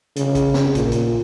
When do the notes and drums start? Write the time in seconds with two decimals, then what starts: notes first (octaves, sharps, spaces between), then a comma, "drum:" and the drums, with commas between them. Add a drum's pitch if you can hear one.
0.16 C#3, drum: hi-hat
0.35 drum: kick A1, hi-hat
0.54 drum: snare
0.75 A#2, drum: kick A1, hi-hat
0.92 drum: hi-hat